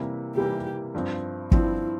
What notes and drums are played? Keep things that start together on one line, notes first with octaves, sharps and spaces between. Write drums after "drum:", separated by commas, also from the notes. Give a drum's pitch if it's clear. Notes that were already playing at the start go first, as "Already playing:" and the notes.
Already playing: C3 E3 G3 A#3
C3 E3 G3 A#3 G4
G2 F3 C4
G2 F3 C4 E4, drum: kick